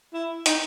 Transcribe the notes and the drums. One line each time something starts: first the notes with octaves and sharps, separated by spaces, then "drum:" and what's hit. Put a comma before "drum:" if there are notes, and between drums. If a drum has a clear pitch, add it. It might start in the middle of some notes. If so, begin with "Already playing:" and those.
E4
D#4, drum: hi-hat